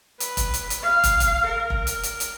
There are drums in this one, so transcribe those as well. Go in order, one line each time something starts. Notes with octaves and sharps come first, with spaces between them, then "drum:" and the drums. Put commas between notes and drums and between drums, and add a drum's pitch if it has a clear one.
B4, drum: hi-hat
drum: kick, hi-hat
drum: hi-hat
drum: hi-hat
F5
drum: kick, hi-hat
drum: kick, hi-hat
A#4
drum: kick
drum: hi-hat
drum: hi-hat
drum: hi-hat